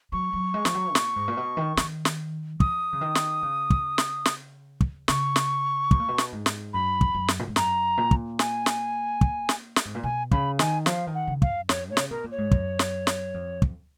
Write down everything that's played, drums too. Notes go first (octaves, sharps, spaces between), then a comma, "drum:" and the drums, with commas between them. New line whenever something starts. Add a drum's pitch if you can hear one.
F#3 C#6
F#3
G#3
F3, drum: snare
F#3
A#2, drum: snare
G#2
A#2
B2
D#3
D#3, drum: snare
drum: snare
F3 D#6, drum: kick
C#3
D#3
drum: snare
C#3
drum: kick
drum: snare
drum: snare
drum: kick
C#3 C#6, drum: snare
drum: snare
B2, drum: kick
A#2
B2
drum: snare
G#2
drum: snare
F#2 B5
drum: kick
F#2
drum: snare
A#2
G#2
F#2 A#5, drum: snare
A#2
drum: kick
G#5, drum: snare
drum: snare
drum: kick
drum: snare
drum: snare
G#2
A#2
B2 G#5
C#3 B5, drum: kick
D#3 G#5, drum: snare
F3 F5, drum: snare
D#3
F#5
C#3
F5, drum: kick
F#2
F2 C#5, drum: snare
C#5
C#3, drum: snare
B2 A#4
A#2
C#5
G#2
F#2, drum: kick
drum: snare
drum: snare
F2
drum: kick